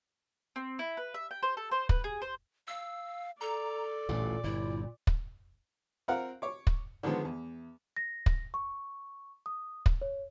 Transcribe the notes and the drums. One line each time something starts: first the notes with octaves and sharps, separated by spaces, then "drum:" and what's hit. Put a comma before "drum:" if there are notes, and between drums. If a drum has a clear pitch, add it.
C4
E4
B4
E5
G5
C5
A4
C5
B4, drum: kick
G#4
C5
F5 E6
A4 D5 A#5
A1 D2 G2 A#2
G1 G2 E4
drum: kick
C4 F4 A#4 F5 F#5
C#5 D6
drum: kick
D3 D#3 F3 G#3 B3
E2
A#6
drum: kick
C#6
D#6
drum: kick
C#5